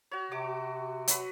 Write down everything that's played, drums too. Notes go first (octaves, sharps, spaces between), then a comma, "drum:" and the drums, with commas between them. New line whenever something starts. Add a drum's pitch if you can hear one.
F#4 C#5
C3 F#4 D6
F#3 B4, drum: hi-hat